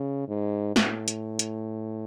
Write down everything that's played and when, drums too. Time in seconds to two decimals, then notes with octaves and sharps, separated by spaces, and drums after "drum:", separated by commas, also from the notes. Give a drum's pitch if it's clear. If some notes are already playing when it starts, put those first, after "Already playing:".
Already playing: C#3
0.28 G#2
0.76 A2, drum: snare
1.08 drum: hi-hat
1.39 drum: hi-hat